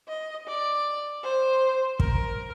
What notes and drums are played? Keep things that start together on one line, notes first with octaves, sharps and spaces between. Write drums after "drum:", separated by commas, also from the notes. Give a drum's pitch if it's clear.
D#5
D5
C5
A#4, drum: kick